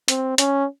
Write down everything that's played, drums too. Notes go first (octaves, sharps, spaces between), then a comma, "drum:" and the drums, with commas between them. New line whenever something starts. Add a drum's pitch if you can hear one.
C4, drum: hi-hat
C#4, drum: hi-hat